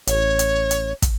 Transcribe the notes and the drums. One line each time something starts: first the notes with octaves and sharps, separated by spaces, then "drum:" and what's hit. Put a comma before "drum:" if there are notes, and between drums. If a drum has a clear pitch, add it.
A1 C#5, drum: hi-hat
drum: hi-hat
drum: hi-hat
drum: kick, hi-hat